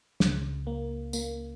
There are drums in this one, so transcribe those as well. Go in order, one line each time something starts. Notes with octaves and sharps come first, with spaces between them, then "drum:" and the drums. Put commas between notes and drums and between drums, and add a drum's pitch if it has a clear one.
C#2 C#3, drum: snare
A#3
A#3, drum: tambourine